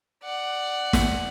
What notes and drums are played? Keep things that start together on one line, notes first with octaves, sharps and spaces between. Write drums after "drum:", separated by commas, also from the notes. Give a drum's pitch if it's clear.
D5 F#5
drum: snare